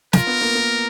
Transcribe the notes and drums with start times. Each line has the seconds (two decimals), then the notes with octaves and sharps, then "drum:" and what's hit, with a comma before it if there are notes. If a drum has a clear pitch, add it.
0.13 F4 A#4, drum: snare
0.27 B3
0.41 A#3
0.56 A#3